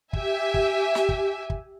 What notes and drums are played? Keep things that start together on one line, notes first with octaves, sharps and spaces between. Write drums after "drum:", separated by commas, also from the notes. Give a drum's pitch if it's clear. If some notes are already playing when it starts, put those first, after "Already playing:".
G4 E5 G#5, drum: kick
drum: kick
drum: snare
drum: kick
drum: kick